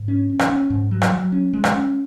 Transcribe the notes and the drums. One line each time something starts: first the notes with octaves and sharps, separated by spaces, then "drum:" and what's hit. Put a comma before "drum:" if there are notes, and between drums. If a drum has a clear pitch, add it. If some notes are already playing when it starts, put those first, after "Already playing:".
Already playing: G#2
C#4
C#4
drum: rim click
C#4
G#2
F#3
drum: rim click
F#3
C#4
G#3
drum: rim click
C#4